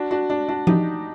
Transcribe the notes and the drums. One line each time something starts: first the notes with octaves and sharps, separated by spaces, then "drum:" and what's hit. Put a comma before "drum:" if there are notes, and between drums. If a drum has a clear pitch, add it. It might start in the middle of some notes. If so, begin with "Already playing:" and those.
Already playing: D4 F#4
D4 F#4
D4
D4 F#4
D#4 G4, drum: tom F3